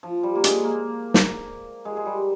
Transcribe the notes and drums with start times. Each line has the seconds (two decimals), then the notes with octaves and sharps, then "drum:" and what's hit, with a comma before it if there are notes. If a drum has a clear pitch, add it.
0.03 F3
0.23 G3
0.35 A#3
0.44 G#3, drum: hi-hat
0.64 A#3
1.14 drum: snare
1.85 G#3
1.97 G#3
2.06 G3